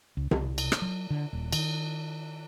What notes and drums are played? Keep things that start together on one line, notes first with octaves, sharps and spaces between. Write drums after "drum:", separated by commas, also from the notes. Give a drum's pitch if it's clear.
C#2
C2, drum: tom C3
drum: cymbal
drum: rim click
F#3
D3
D#1
D#3, drum: cymbal